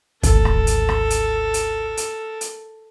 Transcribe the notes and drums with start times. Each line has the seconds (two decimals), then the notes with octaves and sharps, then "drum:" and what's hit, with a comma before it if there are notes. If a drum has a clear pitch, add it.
0.23 G#1 D2 A4 A#4, drum: kick, hi-hat
0.45 drum: rim click
0.67 drum: hi-hat
0.89 drum: rim click
1.10 drum: hi-hat
1.54 drum: hi-hat
1.97 drum: hi-hat
2.41 drum: hi-hat